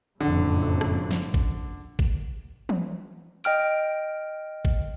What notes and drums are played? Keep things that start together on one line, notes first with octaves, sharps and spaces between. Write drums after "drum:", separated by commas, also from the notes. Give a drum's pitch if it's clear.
F#1 F2 A2 D3
drum: rim click
drum: snare
drum: kick
drum: kick
drum: tom E3
D#5 G5 F6 D7, drum: hi-hat
drum: kick